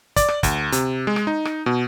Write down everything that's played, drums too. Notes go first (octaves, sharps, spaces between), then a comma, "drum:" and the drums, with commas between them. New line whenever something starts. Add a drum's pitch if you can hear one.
D5, drum: kick, hi-hat
drum: rim click
D2, drum: kick, hi-hat
C3, drum: hi-hat
G#3
drum: rim click
D#4
drum: rim click
B2